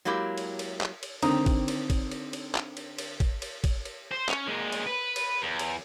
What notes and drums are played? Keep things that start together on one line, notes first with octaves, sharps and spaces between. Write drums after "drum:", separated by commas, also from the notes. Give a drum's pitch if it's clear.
F#3 G#3 A#3 E4 G4
drum: cymbal
drum: cymbal
drum: clap
drum: cymbal
D3 D#3 C4 A#5 D#6, drum: cymbal
drum: kick, cymbal
drum: cymbal
drum: kick, cymbal
drum: cymbal
drum: cymbal
drum: clap
drum: cymbal
drum: cymbal
drum: kick, cymbal
drum: cymbal
drum: kick, cymbal
drum: cymbal
C5
C#4, drum: clap
A#2 G#3
drum: cymbal
B4
drum: cymbal
E2
drum: cymbal